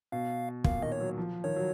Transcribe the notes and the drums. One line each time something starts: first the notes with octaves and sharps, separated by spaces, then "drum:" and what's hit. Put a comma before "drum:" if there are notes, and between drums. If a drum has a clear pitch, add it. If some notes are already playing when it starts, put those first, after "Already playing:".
B2 F5
A#2 F5, drum: kick
D#3 D#5
C#5
F#3
F3
D#3 C#5
F#3